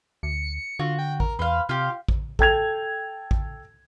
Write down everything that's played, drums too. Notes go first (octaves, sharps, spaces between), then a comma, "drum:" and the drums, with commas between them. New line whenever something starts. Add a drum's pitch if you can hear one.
D2 C#7
D3 F4 F#4
G5
A#4, drum: kick A1
E2 B4 C5 F5
C3 F4 G4 F5
drum: kick A1
A4 G5 G#6 F7, drum: kick A1
drum: kick A1